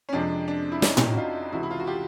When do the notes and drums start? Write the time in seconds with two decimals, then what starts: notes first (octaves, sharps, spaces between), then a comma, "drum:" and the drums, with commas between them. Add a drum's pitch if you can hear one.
0.09 C#4
0.13 F2 C3 F3 G#3 D4
0.48 D4
0.72 E4
0.82 C#4 D#4, drum: snare
0.97 drum: tom A2
1.12 F#4
1.17 D#4 F4
1.52 C#2 C3 E3 E4 F#4
1.63 E4
1.71 F4
1.80 F#4
1.87 F4 G4